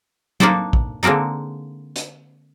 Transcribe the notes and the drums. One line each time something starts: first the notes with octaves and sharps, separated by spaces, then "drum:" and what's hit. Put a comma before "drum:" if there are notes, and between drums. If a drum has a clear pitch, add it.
A#3 D4 D#4 A4 C5, drum: tom F#3
drum: kick
D3 G#3 A#3 C4 D#4
drum: hi-hat